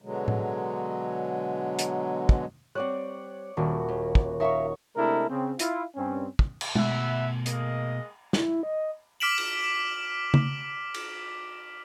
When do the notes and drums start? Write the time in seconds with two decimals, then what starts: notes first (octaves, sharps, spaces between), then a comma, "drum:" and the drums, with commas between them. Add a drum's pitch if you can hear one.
0.02 B2 D3 F#3 G#3
0.28 drum: tom A2
1.79 drum: hi-hat
2.29 drum: kick
2.75 G3 C4 C#5 D5 F#5 F#6
3.57 D#1 F2 A#3 D4 F#4
3.88 D#2
4.15 drum: kick
4.40 D#4 A#4 C#5 E5 F5 A#5 C#6
4.96 C3 G#3 A3 D4 E4 A#4
5.29 C#3 C4
5.59 E4 F4, drum: hi-hat
5.96 G2 C4 C#4
6.39 drum: kick
6.61 drum: cymbal
6.75 B2 A3 E4 E5 F#5, drum: tom G#3
7.46 G#3 A#3 D#5, drum: hi-hat
8.33 E4, drum: snare
8.63 D#5
9.20 D6 F6 B6 D7 E7 F#7
9.38 drum: cymbal
10.34 drum: tom C#3
10.94 drum: cymbal